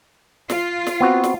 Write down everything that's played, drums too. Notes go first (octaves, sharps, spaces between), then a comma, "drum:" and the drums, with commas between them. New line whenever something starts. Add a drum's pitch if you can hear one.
F4, drum: snare
drum: snare
B3 C4 F#4
drum: snare